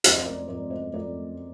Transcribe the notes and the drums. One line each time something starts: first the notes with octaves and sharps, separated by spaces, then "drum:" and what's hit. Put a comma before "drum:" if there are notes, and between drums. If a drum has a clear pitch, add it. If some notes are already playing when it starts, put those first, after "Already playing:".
F2 C5 D#5, drum: hi-hat
A#4 D5
F2 A#4 D5
C5 D#5
F2 A#4 D5